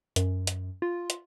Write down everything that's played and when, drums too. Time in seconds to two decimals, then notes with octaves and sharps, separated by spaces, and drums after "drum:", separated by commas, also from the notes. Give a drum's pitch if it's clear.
0.16 F#2, drum: hi-hat
0.47 drum: hi-hat
0.82 F4
1.10 drum: hi-hat